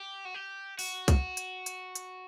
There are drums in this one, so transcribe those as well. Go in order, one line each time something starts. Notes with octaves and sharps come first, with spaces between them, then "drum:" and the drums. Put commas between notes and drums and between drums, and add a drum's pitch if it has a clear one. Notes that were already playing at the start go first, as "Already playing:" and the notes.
Already playing: G4
F#4
G4
F#4, drum: open hi-hat
drum: kick C2, hi-hat
drum: hi-hat
drum: hi-hat
drum: hi-hat